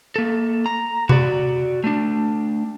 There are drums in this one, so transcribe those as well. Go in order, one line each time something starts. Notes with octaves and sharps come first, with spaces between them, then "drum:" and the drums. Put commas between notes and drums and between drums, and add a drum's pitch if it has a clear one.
A#3 A4
A#5
F#4 D5, drum: tom C3
A3 D4